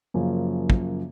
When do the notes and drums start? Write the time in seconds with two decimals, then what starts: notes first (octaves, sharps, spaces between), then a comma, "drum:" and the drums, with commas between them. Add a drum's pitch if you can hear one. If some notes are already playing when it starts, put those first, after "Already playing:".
0.14 F#2 C#3 F3 A#3
0.70 drum: kick